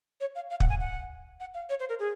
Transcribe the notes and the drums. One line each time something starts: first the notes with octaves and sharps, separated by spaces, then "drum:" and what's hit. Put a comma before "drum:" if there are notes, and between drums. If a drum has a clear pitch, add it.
C#5
F5
F5
F#5, drum: kick
G#5
F#5
F#5
F5
C#5
C5
A#4
G#4